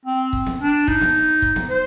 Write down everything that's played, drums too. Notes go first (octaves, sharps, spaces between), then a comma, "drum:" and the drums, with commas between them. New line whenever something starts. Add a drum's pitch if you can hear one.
C4
drum: kick
drum: snare B3
D4
D#4, drum: kick
drum: snare B3
drum: kick
drum: snare B3
C5